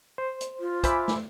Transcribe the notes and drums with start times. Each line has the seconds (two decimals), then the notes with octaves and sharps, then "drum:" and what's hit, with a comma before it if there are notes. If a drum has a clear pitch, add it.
0.18 C5
0.41 drum: hi-hat
0.60 F4
0.84 C5 E5 G#5 B5 D6, drum: kick, hi-hat
1.08 drum: snare